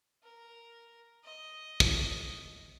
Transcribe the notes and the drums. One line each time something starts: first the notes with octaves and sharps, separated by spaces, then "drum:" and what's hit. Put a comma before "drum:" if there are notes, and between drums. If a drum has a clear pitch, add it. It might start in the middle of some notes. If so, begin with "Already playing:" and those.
A#4
D#5
drum: kick